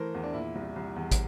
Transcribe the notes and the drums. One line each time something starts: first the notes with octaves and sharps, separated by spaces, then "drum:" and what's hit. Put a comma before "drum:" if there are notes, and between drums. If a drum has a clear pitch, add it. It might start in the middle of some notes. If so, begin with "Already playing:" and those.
Already playing: E3 A3 A#4 C5
E2
D4
A#2 E4
C2
C2
E2
drum: kick, hi-hat